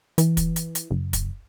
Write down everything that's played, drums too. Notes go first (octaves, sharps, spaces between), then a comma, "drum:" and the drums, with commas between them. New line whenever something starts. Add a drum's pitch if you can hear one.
E3, drum: hi-hat
drum: kick, hi-hat
drum: hi-hat
drum: hi-hat
F#1
drum: kick, hi-hat